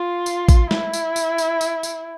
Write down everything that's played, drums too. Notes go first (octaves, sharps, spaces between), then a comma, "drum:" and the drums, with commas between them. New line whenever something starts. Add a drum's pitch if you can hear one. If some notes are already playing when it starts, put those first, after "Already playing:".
Already playing: F4
drum: tambourine
drum: kick A1, tambourine
E4, drum: snare
drum: tambourine
drum: tambourine
drum: tambourine
drum: tambourine
drum: tambourine